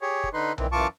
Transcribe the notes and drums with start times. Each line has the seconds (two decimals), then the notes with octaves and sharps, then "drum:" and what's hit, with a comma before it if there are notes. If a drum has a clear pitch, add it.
0.02 G4 G#4 C#5
0.24 drum: kick
0.34 D3 D#4 B4 C6
0.58 A#2 D#3 E3 C4, drum: tom B1
0.72 F#2 E3 F4 A5 C#6 D6